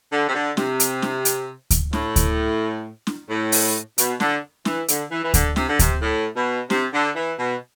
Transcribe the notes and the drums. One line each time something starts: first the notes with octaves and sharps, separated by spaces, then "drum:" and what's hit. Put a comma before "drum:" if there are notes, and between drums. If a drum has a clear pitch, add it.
D3
C3
D3
C3, drum: snare
drum: hi-hat
drum: snare
drum: hi-hat
drum: kick D2, hi-hat
A2, drum: snare
drum: kick D2, hi-hat
drum: snare
A2
drum: open hi-hat
B2, drum: hi-hat
D3, drum: snare
E3, drum: snare
D3, drum: hi-hat
E3
E3
D3, drum: kick D2, hi-hat
C3, drum: snare
D3
C3, drum: kick D2, hi-hat
A2
B2
C3, drum: snare
D3
E3
B2